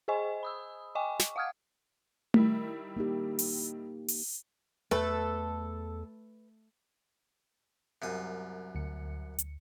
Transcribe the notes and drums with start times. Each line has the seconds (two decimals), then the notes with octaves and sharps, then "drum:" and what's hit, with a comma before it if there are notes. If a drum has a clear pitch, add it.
0.08 G#4 C5 D#5 G#5 C#6
0.43 B5 D#6 E6
0.95 D#5 G5 G#5 C#6 D6
1.19 drum: snare
1.36 F5 F#5 D#6 F6 G#6
2.34 D#3 G3 E4, drum: tom A3
2.97 A#3 D#4 G4
3.39 drum: open hi-hat
4.08 drum: open hi-hat
4.91 E2 A3 A4 B4
8.02 C2 F#2 D#6
8.75 D2 C#7
9.39 drum: hi-hat